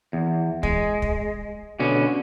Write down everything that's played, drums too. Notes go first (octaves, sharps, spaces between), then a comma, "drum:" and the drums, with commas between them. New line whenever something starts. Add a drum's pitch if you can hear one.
E2
G#3, drum: kick
drum: kick
B2 D3 C#4